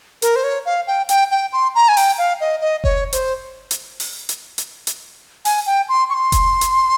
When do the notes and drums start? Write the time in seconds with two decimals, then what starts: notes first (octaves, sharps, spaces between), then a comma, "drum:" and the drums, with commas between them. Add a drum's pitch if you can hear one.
0.22 A#4, drum: hi-hat
0.36 C5
0.44 C#5
0.66 F5
0.87 G5
1.09 G5, drum: hi-hat
1.31 G5
1.53 C6
1.75 A#5
1.89 G#5
1.97 G5, drum: open hi-hat
2.18 F5
2.41 D#5
2.61 D#5
2.84 C#5, drum: kick F1
3.13 C5, drum: hi-hat
3.71 drum: hi-hat
4.00 drum: open hi-hat
4.29 drum: hi-hat
4.58 drum: hi-hat
4.87 drum: hi-hat
5.45 G#5, drum: open hi-hat
5.66 G5
5.89 C6
6.10 C#6
6.14 C6
6.32 drum: kick F1, hi-hat
6.61 drum: hi-hat